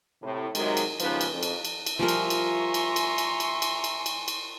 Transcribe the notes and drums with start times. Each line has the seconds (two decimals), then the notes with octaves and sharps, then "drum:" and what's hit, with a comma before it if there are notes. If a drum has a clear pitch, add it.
0.22 A2 C3
0.55 C3 D#3 F#3 G#3, drum: cymbal
0.77 drum: cymbal
1.00 D#2 G#2 C#3 F3 C#4 B4, drum: cymbal
1.21 drum: cymbal
1.33 F2
1.43 drum: cymbal
1.65 drum: cymbal
1.87 drum: cymbal
1.99 F3 G3 A#4 E5 G#5 A#5 C6 C#6
2.08 drum: cymbal
2.30 drum: cymbal
2.74 drum: cymbal
2.96 drum: cymbal
3.18 drum: cymbal
3.40 drum: cymbal
3.62 drum: cymbal
3.84 drum: cymbal
4.06 drum: cymbal
4.28 drum: cymbal